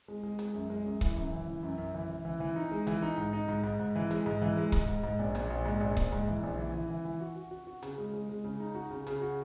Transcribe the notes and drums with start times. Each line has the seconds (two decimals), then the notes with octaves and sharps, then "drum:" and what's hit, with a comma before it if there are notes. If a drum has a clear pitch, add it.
0.08 G#3
0.23 G#3
0.39 G#3, drum: hi-hat
0.54 F#2
0.70 G#3
0.85 F#2
1.01 E3, drum: kick C#1
1.16 F#2
1.32 E3
1.48 E3
1.63 F#2
1.78 F#2
1.94 E3
2.10 E3
2.25 E3
2.40 E3
2.56 D#4
2.72 G#3
2.87 E3, drum: hi-hat
3.02 D#4
3.18 G#2
3.33 D#4
3.48 G#2
3.64 G#2
3.79 G#2
3.96 E3
4.11 G#3, drum: hi-hat
4.26 G#2
4.42 E3
4.57 G#3
4.72 G#2, drum: kick C#1
4.88 G#2
5.03 G#2
5.19 A#1
5.35 A#1, drum: hi-hat
5.50 A#1
5.65 G#2
5.81 A#1
5.97 A#1, drum: kick C#1
6.12 G#2
6.27 E3
6.43 A#1
6.58 E3
6.74 E3
6.90 E3
7.05 E3
7.20 F#4
7.36 F#4
7.51 F#4
7.67 F#4
7.83 C#3, drum: hi-hat
7.98 G#3
8.13 G#3
8.29 G#3
8.44 C#3
8.60 D#4
8.75 F#4
8.91 C#3
9.07 C#3, drum: hi-hat
9.22 F#4